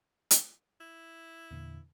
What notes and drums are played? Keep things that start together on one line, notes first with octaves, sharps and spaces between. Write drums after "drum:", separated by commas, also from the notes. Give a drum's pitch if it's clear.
drum: hi-hat
E4
E2 A#2 D3